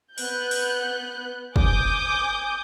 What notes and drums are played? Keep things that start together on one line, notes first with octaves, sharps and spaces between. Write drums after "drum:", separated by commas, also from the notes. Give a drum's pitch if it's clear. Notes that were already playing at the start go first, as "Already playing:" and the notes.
B3 F#6 G6, drum: open hi-hat
drum: open hi-hat
G#5 D6 D#6 G6, drum: kick